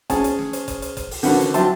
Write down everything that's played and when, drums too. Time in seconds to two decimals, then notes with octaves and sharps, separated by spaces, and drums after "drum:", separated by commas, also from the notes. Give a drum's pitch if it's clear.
0.10 C#4 G#4 G#5 A5, drum: kick F#1, hi-hat
0.24 drum: hi-hat
0.39 drum: snare
0.53 drum: hi-hat
0.68 drum: kick F#1, hi-hat
0.82 drum: hi-hat
0.97 drum: kick F#1, hi-hat
1.11 drum: open hi-hat
1.23 D3 D#3 F3 C#4 F#4 B4, drum: open hi-hat
1.40 drum: hi-hat
1.54 F3 F#3 E5 G5 A5 C6, drum: hi-hat